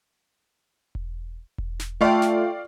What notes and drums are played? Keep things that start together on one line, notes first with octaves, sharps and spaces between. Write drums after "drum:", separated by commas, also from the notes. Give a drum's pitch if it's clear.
drum: kick E1
drum: kick E1
drum: snare
A3 F4 D5 F5 G5 C#6
drum: snare